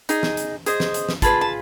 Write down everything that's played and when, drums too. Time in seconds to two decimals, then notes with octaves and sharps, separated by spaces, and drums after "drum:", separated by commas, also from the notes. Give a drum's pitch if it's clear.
0.09 D#4 G#4, drum: hi-hat
0.23 drum: snare
0.37 drum: hi-hat
0.66 G#4 C5 D#5, drum: hi-hat
0.80 drum: snare
0.94 drum: hi-hat
1.09 drum: snare
1.22 F4 G#4 B4 A5 B5, drum: kick, hi-hat
1.41 A5